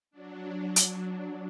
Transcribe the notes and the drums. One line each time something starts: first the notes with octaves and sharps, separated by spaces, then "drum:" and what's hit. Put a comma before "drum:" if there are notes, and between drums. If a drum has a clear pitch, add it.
F#3 D4
drum: hi-hat